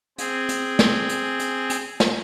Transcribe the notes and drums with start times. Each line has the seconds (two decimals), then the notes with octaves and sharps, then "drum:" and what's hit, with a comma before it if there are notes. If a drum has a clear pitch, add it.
0.18 C4 G#4, drum: hi-hat
0.49 drum: hi-hat
0.79 drum: snare
1.09 drum: hi-hat
1.40 drum: hi-hat
1.70 drum: hi-hat
2.00 drum: snare